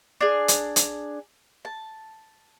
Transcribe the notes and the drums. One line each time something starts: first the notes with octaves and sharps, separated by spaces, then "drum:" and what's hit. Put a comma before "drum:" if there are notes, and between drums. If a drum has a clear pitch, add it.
D4 G#4
drum: hi-hat
drum: hi-hat
A5